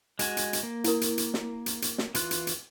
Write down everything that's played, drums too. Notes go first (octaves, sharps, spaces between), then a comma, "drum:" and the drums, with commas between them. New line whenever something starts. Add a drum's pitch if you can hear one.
G#3 F#4 G#5, drum: hi-hat
drum: hi-hat
drum: hi-hat
A#3
E4 A#4, drum: hi-hat
drum: hi-hat
drum: hi-hat
drum: snare
drum: hi-hat
drum: hi-hat
drum: snare
E3 F4 F#6, drum: hi-hat
drum: hi-hat
drum: hi-hat